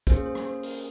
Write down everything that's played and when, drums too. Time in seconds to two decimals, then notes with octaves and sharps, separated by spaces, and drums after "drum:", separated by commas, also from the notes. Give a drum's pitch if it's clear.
0.07 A#3 C#4 G#4 C5, drum: kick, hi-hat
0.26 C5
0.35 drum: rim click
0.45 C5
0.63 A#4, drum: open hi-hat